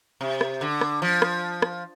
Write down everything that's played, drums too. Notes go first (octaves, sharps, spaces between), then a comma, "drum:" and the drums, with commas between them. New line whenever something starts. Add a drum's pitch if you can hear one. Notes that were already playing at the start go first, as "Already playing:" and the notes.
C3
drum: rim click
D3
drum: rim click
F3
drum: rim click
drum: rim click